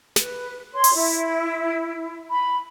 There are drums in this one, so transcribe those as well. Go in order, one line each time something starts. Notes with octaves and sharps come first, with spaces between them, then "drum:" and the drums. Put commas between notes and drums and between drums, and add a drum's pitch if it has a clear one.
B4, drum: snare
C#5 C6
drum: open hi-hat
E4
B5